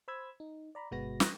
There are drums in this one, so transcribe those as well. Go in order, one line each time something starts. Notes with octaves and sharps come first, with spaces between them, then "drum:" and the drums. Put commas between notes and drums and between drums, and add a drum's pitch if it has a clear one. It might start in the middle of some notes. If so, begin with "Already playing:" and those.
C5 B5 E6 G#6
D#4
D5 A#5 B5
G1 B2 G#3 F#4 B4 A#6
C6 C#6 D#6 F#6 G6 A#6, drum: snare